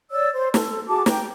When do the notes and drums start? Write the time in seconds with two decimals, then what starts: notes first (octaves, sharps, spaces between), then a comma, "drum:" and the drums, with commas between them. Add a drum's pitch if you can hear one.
0.10 C#5 D5 E6
0.33 C5
0.54 A4, drum: snare
0.87 F#4 G#4 A5 D6
1.06 G5 A#5, drum: snare